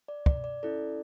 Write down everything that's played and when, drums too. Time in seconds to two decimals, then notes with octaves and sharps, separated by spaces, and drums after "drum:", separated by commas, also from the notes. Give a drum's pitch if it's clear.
0.08 D5
0.26 D5, drum: kick
0.44 D5
0.63 C#4 E4 A4 D5